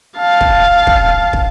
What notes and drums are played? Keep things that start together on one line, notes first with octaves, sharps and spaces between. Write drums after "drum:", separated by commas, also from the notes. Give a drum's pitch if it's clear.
F5 A5
drum: kick
drum: kick
drum: kick